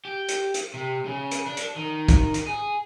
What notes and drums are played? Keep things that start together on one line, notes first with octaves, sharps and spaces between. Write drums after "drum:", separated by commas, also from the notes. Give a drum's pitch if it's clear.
G4
drum: hi-hat
drum: hi-hat
C3
C#3
drum: hi-hat
D4
drum: hi-hat
D#3
drum: kick, hi-hat
drum: hi-hat
G#4